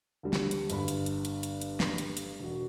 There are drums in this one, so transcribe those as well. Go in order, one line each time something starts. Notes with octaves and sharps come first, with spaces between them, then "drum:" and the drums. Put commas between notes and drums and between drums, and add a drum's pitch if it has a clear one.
D2 G3
drum: snare
drum: hi-hat
G1 G2 B5, drum: hi-hat
drum: hi-hat
drum: hi-hat
drum: hi-hat
drum: hi-hat
drum: hi-hat
drum: snare
drum: hi-hat
drum: hi-hat
E1 F#4